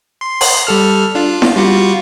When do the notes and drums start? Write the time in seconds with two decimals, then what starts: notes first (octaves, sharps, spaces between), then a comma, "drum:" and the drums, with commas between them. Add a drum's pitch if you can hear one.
0.21 C6
0.41 drum: open hi-hat
0.67 G3 A4 F6
1.15 D4 F4
1.42 drum: snare E4
1.56 G3 F4 F#4